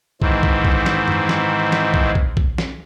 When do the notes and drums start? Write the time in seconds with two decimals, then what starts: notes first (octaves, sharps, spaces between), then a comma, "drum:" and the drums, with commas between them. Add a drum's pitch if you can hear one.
0.22 G#2 D#3 E3 C4, drum: kick
0.43 drum: kick
0.65 drum: kick
0.86 drum: snare
1.08 drum: tom
1.29 drum: snare
1.72 drum: snare
1.94 drum: kick
2.15 drum: kick
2.37 drum: kick
2.58 drum: snare